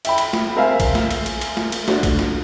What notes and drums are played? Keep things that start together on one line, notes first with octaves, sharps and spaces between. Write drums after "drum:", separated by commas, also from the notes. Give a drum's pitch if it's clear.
E5 G5 B5, drum: cymbal
drum: cymbal
drum: snare
C4 A#4 E5 F5 G#5
drum: kick A#1, cymbal
drum: snare
drum: cymbal
drum: cymbal
drum: cymbal
drum: snare
drum: cymbal
A3 D4 F#4, drum: snare
drum: kick A#1, cymbal
drum: snare